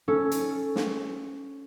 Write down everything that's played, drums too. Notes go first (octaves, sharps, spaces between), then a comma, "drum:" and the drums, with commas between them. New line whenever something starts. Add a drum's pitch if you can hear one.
C#4 A4
drum: hi-hat
drum: snare